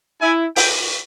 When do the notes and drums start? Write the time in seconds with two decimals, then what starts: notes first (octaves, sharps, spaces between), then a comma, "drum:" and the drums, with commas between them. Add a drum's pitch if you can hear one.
0.21 E4 G#5
0.56 G5, drum: open hi-hat